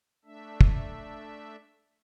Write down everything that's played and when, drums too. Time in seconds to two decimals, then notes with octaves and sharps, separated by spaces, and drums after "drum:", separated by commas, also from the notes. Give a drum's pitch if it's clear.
0.25 A3 D4 E5
0.61 drum: kick